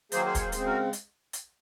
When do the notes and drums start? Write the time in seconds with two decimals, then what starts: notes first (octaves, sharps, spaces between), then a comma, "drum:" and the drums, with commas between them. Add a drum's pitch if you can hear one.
0.12 D#3 F#3 A#3 G#4 C5, drum: hi-hat
0.25 G#4 C5
0.35 C#5, drum: kick, hi-hat
0.39 G#4 C5
0.52 C#3 G#3 C4 G#4 C5, drum: hi-hat
0.65 F#4 A#4
0.93 drum: hi-hat
1.33 drum: hi-hat